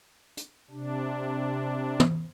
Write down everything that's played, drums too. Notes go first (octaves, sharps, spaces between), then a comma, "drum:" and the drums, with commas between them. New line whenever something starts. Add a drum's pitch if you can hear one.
drum: hi-hat
C3 D4
drum: tom